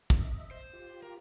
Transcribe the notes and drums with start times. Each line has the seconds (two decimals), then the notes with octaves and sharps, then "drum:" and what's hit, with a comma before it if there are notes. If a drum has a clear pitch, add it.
0.10 drum: kick
0.20 D#5 E5
0.51 C5
0.73 F4 G4
1.03 A#4